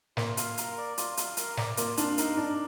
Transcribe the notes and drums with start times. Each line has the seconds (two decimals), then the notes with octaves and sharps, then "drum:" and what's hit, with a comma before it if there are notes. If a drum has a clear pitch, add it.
0.17 A#3 F4, drum: snare
0.37 F5, drum: hi-hat
0.57 A#4, drum: hi-hat
0.78 D5
0.98 F4, drum: hi-hat
1.17 F5, drum: hi-hat
1.37 A#4, drum: hi-hat
1.57 D5, drum: snare
1.77 A#3 F4, drum: hi-hat
1.97 D4 F5, drum: hi-hat
2.18 D#4 A#4, drum: hi-hat
2.37 D4 D5